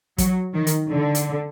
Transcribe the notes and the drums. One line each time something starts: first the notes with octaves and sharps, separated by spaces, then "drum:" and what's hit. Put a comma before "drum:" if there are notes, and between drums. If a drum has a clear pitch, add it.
F#3, drum: kick, hi-hat
D#3
drum: hi-hat
D3
drum: hi-hat